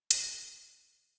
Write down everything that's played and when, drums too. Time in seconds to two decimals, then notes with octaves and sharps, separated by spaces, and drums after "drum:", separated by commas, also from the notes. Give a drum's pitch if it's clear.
0.11 D3 A#3 B3, drum: hi-hat